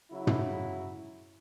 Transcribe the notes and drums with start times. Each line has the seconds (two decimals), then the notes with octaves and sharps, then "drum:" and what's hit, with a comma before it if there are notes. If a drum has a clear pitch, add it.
0.10 C#3 F#3 E4
0.27 drum: tom